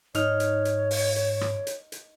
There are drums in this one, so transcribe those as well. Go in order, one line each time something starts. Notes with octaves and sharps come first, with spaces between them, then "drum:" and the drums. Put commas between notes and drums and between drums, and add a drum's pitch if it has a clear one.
G#2 D#4 C#5 F6, drum: hi-hat
drum: hi-hat
drum: hi-hat
drum: open hi-hat
drum: hi-hat
drum: rim click
drum: hi-hat
drum: hi-hat